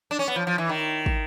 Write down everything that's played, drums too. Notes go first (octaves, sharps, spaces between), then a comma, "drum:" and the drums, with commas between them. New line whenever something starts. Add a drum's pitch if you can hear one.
D4
C#4
B3
F3
F3
E3
D#3
drum: kick